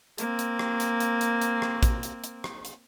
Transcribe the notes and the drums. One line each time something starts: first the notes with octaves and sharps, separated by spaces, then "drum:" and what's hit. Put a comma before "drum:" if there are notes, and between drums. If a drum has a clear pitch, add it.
A#3 C4, drum: hi-hat
drum: hi-hat
drum: rim click
drum: hi-hat
drum: hi-hat
drum: hi-hat
drum: hi-hat
drum: rim click
drum: kick A1, hi-hat
drum: hi-hat
drum: hi-hat
drum: rim click
drum: hi-hat